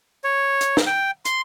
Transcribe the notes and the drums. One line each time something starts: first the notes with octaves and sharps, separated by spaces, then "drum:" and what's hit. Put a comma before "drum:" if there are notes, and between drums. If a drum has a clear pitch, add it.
C#5
drum: hi-hat
drum: snare
G5
C6, drum: hi-hat